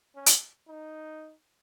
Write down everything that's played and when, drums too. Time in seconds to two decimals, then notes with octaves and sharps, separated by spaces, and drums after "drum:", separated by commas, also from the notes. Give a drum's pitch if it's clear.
0.15 C#4
0.26 drum: hi-hat
0.69 D#4